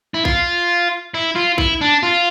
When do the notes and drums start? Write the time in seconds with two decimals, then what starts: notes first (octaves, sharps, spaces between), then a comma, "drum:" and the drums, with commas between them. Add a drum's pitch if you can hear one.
0.14 E4
0.25 F4, drum: kick A#1
1.14 E4
1.36 F4
1.58 E4, drum: kick A#1
1.81 D4
2.03 F4